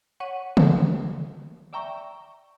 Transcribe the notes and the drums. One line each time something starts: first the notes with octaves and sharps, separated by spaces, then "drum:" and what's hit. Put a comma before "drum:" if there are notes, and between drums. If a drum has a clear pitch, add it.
C#5 F#5 C#6 B6 D#7
drum: tom C#3
D5 E5 G5 A#5 C#6